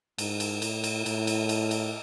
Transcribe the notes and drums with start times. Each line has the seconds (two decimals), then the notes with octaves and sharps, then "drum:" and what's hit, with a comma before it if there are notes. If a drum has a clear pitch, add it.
0.18 G#2, drum: cymbal
0.40 drum: cymbal
0.62 A2, drum: cymbal
0.84 drum: cymbal
1.06 A2, drum: cymbal
1.27 drum: cymbal
1.49 drum: cymbal
1.71 drum: cymbal